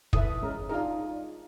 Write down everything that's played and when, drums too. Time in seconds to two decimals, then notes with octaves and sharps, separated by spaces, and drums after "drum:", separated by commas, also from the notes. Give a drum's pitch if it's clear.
0.13 E3 A4 B4 E5 D#6, drum: kick
0.43 G#3 C#4 A#4
0.69 D4 D#4 F4 G#4 A#4